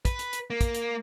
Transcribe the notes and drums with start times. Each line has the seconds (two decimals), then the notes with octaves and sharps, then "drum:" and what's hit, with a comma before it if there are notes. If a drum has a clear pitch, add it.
0.05 B4, drum: kick, hi-hat
0.19 drum: hi-hat
0.33 drum: hi-hat
0.50 A#3
0.61 drum: kick, hi-hat
0.75 drum: hi-hat